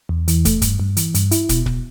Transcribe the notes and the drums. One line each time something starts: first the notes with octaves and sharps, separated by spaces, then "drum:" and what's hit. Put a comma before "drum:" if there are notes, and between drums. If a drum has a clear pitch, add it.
E2
E3, drum: hi-hat
A3, drum: kick, hi-hat
G2, drum: kick, hi-hat
G2
E3, drum: hi-hat
G2, drum: hi-hat
E4, drum: hi-hat
B2, drum: kick, hi-hat
B2, drum: kick